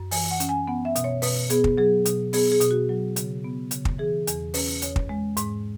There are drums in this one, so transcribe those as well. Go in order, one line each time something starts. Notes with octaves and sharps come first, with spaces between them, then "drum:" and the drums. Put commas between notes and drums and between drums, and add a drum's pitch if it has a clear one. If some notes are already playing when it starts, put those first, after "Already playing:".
Already playing: F#2
E3 G#5, drum: open hi-hat
F#5
C#4, drum: hi-hat
G#5
B3 F#5
E5
B2, drum: hi-hat
C#5
B2 B4, drum: open hi-hat
B3 G#4, drum: hi-hat
drum: kick
F#3 G#4
B2, drum: hi-hat
B3 G#4, drum: open hi-hat
G#4
B2, drum: hi-hat
F#4
F#3
C#3, drum: hi-hat
B3
C#3, drum: hi-hat
drum: kick
E3 G#4
E2, drum: hi-hat
C#4 B4, drum: open hi-hat
E2 C#5, drum: hi-hat
drum: kick
G#3
G#2, drum: hi-hat